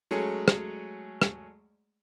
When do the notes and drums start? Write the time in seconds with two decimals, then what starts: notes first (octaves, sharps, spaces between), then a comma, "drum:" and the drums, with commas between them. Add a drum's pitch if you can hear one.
0.11 F#3 G#3 A3 C#4 G#4
0.48 drum: rim click
1.22 drum: rim click